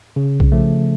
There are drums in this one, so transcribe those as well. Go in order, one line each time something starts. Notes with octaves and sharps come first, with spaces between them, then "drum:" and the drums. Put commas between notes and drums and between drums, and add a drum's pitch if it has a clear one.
C#3
drum: kick B1
F3 A3